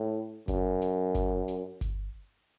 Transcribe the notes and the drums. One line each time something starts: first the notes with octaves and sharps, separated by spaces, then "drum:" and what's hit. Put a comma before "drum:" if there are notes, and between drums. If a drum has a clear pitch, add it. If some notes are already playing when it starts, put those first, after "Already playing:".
Already playing: A2
F#2, drum: kick G1, hi-hat
drum: hi-hat
drum: kick G1, hi-hat
drum: hi-hat
drum: kick G1, hi-hat